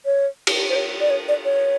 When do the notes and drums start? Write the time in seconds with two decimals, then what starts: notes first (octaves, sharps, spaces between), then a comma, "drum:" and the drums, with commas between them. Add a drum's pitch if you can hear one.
0.05 C#5
0.47 drum: cymbal
0.69 C5
0.75 C#5
1.01 D5
1.10 C#5
1.28 D5
1.45 C#5